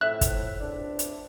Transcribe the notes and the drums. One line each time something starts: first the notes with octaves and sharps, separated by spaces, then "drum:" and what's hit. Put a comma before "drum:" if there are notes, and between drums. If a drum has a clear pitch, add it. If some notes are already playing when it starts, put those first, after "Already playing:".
F2 A2 E5 F#6
drum: kick, hi-hat
C#2 C4 D4
drum: hi-hat